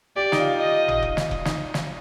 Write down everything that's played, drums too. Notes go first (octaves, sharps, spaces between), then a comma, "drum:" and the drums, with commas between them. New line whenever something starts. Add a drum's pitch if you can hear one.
G4 D5
D#4, drum: snare
F4
D#5
drum: tom G#1
drum: kick F1
drum: snare
drum: kick F1
D#4, drum: snare
drum: snare